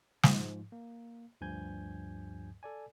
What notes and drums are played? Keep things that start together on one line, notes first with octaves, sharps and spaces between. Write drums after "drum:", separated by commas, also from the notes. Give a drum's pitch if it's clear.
G#2 F3, drum: snare
A#3
D2 G2 F3 G#5 G6 G#6
A4 D5 G#5